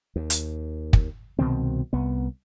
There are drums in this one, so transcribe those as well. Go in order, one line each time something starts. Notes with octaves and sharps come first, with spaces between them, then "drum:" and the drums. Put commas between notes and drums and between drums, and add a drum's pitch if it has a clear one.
D#2
drum: hi-hat
drum: kick
C2 B2 D#3 C4
C2 B3